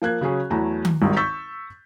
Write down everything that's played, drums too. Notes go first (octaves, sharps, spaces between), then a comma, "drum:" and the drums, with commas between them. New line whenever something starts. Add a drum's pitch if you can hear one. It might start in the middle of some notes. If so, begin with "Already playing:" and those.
F3 A#3 F#6 G#6
C#3 F#3 C#4 G#4
E2 F#3 A3 A#5 B5
drum: tom D#3
G#1 C#2 G2 D#3
C#6 E6 G6 A6 B6